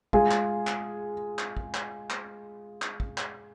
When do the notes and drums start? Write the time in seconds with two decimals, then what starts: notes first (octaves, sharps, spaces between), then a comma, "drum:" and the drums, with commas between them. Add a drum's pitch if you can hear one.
0.13 G#3 F4 G#4, drum: kick
0.31 drum: clap
0.67 drum: clap
1.39 drum: clap
1.57 drum: kick
1.74 drum: clap
2.10 drum: clap
2.82 drum: clap
3.00 drum: kick
3.18 drum: clap